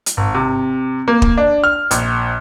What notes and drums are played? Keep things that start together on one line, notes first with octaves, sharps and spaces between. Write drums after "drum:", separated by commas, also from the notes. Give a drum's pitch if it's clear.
drum: hi-hat
G#1
C3
A#3
drum: kick
D4
F6
A#1, drum: hi-hat